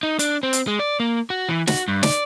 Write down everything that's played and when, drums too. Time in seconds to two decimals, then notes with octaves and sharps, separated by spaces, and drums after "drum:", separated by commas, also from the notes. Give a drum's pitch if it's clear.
0.03 D#4
0.19 D4, drum: hi-hat
0.43 C4
0.53 drum: hi-hat
0.68 G#3
0.79 D5
1.00 A#3
1.30 F#4
1.49 E3
1.67 F#4, drum: snare
1.88 G2
2.03 D5, drum: snare